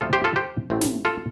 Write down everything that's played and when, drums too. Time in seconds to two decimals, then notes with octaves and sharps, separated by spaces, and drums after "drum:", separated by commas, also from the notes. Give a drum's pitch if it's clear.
0.01 D2 C3 F3 A3 F4 A4
0.13 G4 C5
0.24 F4 A4
0.36 G4 C5
0.70 A1 A2 A3 C4
0.81 drum: snare
1.05 F4 A4